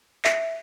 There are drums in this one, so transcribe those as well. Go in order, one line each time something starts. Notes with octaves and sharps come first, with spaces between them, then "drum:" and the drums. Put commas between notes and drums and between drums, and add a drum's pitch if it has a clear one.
E5, drum: clap